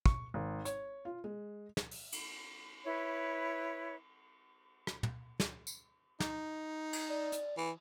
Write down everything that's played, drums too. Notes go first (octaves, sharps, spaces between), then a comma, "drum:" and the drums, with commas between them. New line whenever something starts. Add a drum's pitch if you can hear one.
C#6, drum: kick
G#1
C#5, drum: hi-hat
F4
G#3
drum: snare
drum: open hi-hat
drum: cymbal
E4 B4 C#5
drum: rim click
drum: tom
drum: snare
drum: tambourine
D#4, drum: snare
drum: cymbal
D5
drum: hi-hat
E3